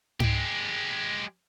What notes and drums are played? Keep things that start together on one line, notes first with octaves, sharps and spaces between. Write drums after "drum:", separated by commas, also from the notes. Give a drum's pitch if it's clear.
G#3 G4, drum: tom G#2